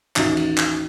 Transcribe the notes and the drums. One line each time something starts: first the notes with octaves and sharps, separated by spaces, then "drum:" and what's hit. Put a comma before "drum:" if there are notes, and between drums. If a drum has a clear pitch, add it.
A1 D#2 D#4 F#4 E5 A6, drum: clap
drum: cymbal
drum: clap